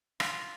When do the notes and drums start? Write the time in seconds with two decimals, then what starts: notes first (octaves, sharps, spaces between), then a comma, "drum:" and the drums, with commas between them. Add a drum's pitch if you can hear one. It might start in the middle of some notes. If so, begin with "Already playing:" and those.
0.20 F4, drum: rim click